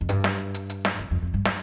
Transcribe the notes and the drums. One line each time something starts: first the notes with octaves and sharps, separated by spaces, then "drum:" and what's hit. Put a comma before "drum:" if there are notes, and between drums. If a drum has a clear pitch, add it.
F2
G2, drum: hi-hat
drum: snare
drum: hi-hat
drum: hi-hat
drum: snare
F2
F2
F2
G2
drum: snare